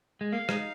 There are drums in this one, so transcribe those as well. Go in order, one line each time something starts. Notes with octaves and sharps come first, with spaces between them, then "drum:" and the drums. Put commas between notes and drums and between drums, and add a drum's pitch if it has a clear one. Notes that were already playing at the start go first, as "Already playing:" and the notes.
G#3
A#3 F5
G#3 D#4, drum: rim click